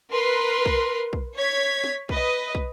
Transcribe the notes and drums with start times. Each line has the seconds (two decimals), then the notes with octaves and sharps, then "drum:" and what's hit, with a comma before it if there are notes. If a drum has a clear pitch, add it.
0.11 A#4 B4 C6
0.65 drum: kick
1.13 drum: kick
1.36 C#5 G#6 B6
1.84 drum: snare
2.09 B4 D#5, drum: kick
2.55 drum: kick